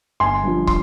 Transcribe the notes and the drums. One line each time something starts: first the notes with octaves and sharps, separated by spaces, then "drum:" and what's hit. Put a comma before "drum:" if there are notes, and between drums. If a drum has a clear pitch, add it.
G1 G#5 C6
G2 F3
C6, drum: kick